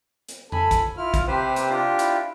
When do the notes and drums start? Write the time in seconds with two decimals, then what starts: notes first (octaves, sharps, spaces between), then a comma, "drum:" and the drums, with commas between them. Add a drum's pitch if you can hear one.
0.28 drum: hi-hat
0.52 A4 G#5 B5, drum: tom F2
0.71 drum: kick, hi-hat
0.97 E4 F4 F6
1.14 drum: kick, hi-hat
1.27 C3 G4 B4 C5
1.56 drum: hi-hat
1.70 D4 F4 G4
1.99 E4, drum: hi-hat